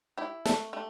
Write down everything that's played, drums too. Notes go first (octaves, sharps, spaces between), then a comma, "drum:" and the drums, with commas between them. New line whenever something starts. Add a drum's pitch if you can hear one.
E4 G4
A3 A4, drum: snare
A3 G4